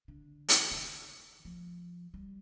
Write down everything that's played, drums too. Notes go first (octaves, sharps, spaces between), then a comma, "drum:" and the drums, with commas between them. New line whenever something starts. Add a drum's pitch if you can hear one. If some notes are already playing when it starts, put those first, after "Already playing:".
D3
drum: hi-hat
D3
D#3
F3
G3